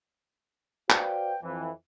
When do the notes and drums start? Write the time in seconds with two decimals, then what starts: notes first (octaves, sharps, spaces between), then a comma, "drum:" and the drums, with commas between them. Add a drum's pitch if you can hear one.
0.90 F#4 B4 C5 D5 F5 G5, drum: clap
1.42 F2 E3